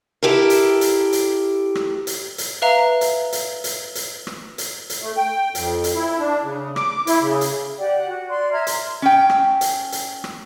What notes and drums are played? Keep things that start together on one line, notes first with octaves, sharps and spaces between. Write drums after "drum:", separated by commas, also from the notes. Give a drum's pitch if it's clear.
E4 G4 A4 A#4
drum: hi-hat
drum: hi-hat
drum: hi-hat
drum: rim click
drum: hi-hat
drum: hi-hat
B4 E5 F5 A#5
drum: hi-hat
drum: hi-hat
drum: hi-hat
drum: hi-hat
drum: rim click
drum: hi-hat
drum: hi-hat
A3
G5
F2, drum: hi-hat
drum: hi-hat
E4
D4
C#3
D6, drum: rim click
E4, drum: hi-hat
C#3
drum: hi-hat
G4 D5 F#5 G5
F#5
F#4
D5 C6
E5 A#5 F6 G#6
C6, drum: hi-hat
C#4 G5
drum: rim click
drum: hi-hat
drum: hi-hat
drum: rim click